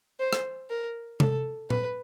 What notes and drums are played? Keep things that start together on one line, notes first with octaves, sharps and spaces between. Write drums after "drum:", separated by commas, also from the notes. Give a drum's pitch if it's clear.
C5
drum: rim click
A#4
A4, drum: tom
B4, drum: tom A#2